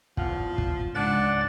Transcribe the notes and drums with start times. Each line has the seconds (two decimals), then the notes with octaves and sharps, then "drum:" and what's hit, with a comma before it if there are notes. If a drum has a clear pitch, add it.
0.17 E2 F3 F5 F#5, drum: kick
0.58 drum: kick
0.95 C#2 G#2 D4 D5 F#5 A6